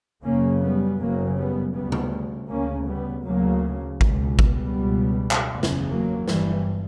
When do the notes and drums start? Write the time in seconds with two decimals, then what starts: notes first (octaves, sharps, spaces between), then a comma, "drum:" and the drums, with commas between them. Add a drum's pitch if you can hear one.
0.24 F#1 F#2 C#3 A#3 C#4
0.62 G3 B3
1.00 F#1 F#2 C#3 F#3 A#3
1.37 G3 B3
1.74 D2 C#3 G3 B3
1.92 drum: tom C3
2.50 D2 C#3 A#3 C#4
2.88 G3 B3
3.25 D2 C#3 F#3 A#3
4.01 C#2 B2, drum: kick G#1
4.39 G3 B3, drum: kick G#1
4.76 C#2 B2
5.31 drum: clap
5.52 F#1 E2 C#3
5.63 drum: snare
5.89 F#3 A#3
6.28 G1 G2 E3 G3, drum: snare